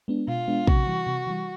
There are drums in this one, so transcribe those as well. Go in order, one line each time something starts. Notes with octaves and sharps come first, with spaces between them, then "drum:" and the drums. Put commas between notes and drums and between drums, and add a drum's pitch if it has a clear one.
G#3 B3 D4
B2 F4
G#3 B3 D4
C3 F#4, drum: kick
E3 G3
C3
E3 G3